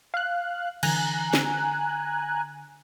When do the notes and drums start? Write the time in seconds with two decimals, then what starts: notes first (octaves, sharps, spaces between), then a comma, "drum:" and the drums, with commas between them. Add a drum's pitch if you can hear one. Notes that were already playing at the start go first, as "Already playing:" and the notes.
0.14 F5 F#6
0.83 D3 E3 G#5 A#5 F#6, drum: cymbal
1.33 D3, drum: snare